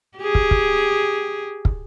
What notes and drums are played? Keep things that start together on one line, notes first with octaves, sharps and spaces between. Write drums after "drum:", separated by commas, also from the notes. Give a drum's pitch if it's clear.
G4 G#4
drum: kick
drum: kick
drum: kick